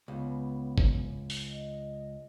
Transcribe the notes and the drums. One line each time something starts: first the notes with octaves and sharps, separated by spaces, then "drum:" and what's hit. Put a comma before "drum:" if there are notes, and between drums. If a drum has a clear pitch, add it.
C#2 B3
drum: kick G1
drum: open hi-hat
D#5